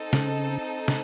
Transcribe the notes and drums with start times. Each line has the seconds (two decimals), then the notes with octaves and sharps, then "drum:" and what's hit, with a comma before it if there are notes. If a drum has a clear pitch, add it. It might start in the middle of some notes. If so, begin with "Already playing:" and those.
Already playing: C4 D#4 A4
0.13 C#3, drum: snare
0.88 drum: snare